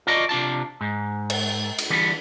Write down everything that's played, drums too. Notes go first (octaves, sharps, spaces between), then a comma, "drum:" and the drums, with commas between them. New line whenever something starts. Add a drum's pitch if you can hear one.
F4 F#4 A4 D5 D#5
C3 D4 F4 A5
G#2
drum: cymbal
drum: cymbal
D3 E3 G3 B3